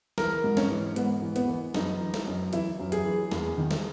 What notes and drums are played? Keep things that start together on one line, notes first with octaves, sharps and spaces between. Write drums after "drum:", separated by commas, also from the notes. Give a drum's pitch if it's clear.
E3 A#4, drum: snare
G#2
C#4, drum: snare
E3
G#2 B3, drum: hi-hat
E3
B3, drum: hi-hat
E3
F#2 D#4, drum: snare
E3
drum: snare
F#2
E3 E4, drum: hi-hat
F#2
G#4, drum: hi-hat
E3
E2, drum: snare
D#3
drum: snare